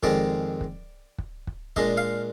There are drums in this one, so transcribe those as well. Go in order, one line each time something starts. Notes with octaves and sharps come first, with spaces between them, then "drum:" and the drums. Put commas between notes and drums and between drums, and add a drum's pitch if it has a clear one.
F2 D#3 G#3 D5, drum: kick
drum: kick
drum: kick
drum: kick
A#2 G#3 D4 D#5, drum: kick
F5